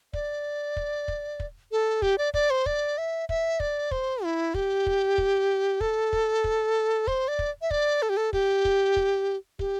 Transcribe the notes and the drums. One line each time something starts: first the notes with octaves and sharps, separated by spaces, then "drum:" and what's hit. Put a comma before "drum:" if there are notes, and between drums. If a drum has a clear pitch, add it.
D5, drum: kick
drum: kick
drum: kick
drum: kick
A4
G4, drum: kick
D5
D5, drum: kick
C5
D5, drum: kick
E5
E5, drum: kick
D5, drum: kick
C5, drum: kick
E4
G4, drum: kick
drum: kick
drum: kick
A4, drum: kick
drum: kick
drum: kick
C5, drum: kick
D5
drum: kick
E5
D5, drum: kick
A4
G4
A4
G4, drum: kick
drum: kick
drum: kick
G4, drum: kick